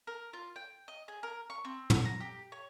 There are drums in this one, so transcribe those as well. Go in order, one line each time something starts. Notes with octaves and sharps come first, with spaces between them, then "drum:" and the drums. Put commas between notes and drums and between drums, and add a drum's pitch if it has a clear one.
A#4
F4
G5
D#5
G#4
A#4
C#6
C4
F#4, drum: tom
A#5
G4
C#5